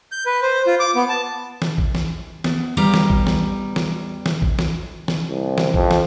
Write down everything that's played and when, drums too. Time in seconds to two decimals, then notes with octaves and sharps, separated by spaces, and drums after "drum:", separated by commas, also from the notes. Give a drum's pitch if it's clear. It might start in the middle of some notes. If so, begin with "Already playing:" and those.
0.12 G6
0.26 B4
0.42 C5
0.67 F4
0.80 D6
0.95 B3
1.09 A5
1.62 drum: snare
1.78 drum: kick A1
1.95 drum: snare
2.44 B3, drum: snare
2.77 E2 G3 G4 B4 F5 A#5
2.94 drum: snare
3.10 drum: kick A1
3.27 drum: snare
3.76 drum: snare
4.26 drum: snare
4.42 drum: kick A1
4.59 drum: snare
5.08 drum: snare
5.27 C2
5.58 drum: snare
5.74 F2, drum: kick A1
5.91 drum: snare